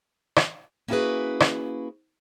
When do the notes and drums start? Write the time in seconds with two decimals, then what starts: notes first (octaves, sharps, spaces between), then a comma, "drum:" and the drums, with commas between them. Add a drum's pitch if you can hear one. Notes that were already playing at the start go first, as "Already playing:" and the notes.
0.36 drum: rim click
0.88 A#3 C#4 E4 F#4 G#4 B4
1.40 drum: rim click